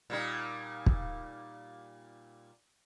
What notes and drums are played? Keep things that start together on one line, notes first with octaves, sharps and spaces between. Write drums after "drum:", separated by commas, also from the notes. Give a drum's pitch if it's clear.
A#2 G3 D#4
drum: kick